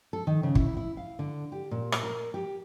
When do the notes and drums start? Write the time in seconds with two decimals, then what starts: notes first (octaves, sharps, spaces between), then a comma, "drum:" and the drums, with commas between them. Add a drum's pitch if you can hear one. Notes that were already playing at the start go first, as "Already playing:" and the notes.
0.13 A4
0.27 D#3
0.43 C#3
0.55 E4, drum: kick
0.77 E4
0.97 F5
1.19 D3
1.52 G4
1.71 A#2
1.92 drum: rim click
2.03 A#4
2.34 G4